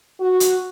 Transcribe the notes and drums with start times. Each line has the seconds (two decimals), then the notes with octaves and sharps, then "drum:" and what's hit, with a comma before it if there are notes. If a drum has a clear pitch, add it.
0.20 F#4
0.40 drum: hi-hat